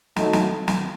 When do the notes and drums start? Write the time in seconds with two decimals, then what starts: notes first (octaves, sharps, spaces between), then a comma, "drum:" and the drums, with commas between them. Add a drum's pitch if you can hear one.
0.16 F#3 A3 D#4 F#4 A4, drum: snare
0.33 drum: snare
0.68 drum: snare